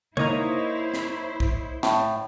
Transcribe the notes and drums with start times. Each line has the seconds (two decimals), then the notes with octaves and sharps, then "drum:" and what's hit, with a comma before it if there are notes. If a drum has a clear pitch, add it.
0.17 A#3 D#4 E4 C5 C#5 D#5 A#5, drum: tom C3
0.94 drum: snare
1.40 drum: kick
1.83 A2, drum: snare